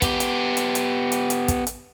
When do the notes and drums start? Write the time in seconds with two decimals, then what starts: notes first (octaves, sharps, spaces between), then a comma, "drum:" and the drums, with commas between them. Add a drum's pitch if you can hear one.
0.02 B3 G4, drum: kick, hi-hat
0.20 drum: hi-hat
0.57 drum: hi-hat
0.75 drum: hi-hat
1.12 drum: hi-hat
1.30 drum: hi-hat
1.48 drum: kick, hi-hat
1.67 drum: hi-hat